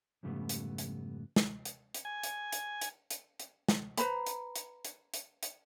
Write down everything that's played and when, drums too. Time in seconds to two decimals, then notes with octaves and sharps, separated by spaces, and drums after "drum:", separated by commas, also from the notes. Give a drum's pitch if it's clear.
0.23 F2 G#2 C#3 G3 A3 B3
0.49 drum: hi-hat
0.78 drum: hi-hat
1.36 drum: snare
1.65 drum: hi-hat
1.94 drum: hi-hat
2.05 G#5
2.23 drum: hi-hat
2.52 drum: hi-hat
2.81 drum: hi-hat
3.10 drum: hi-hat
3.39 drum: hi-hat
3.69 drum: snare
3.98 B4 C5 A#5 B5, drum: hi-hat
4.27 drum: hi-hat
4.56 drum: hi-hat
4.85 drum: hi-hat
5.14 drum: hi-hat
5.43 drum: hi-hat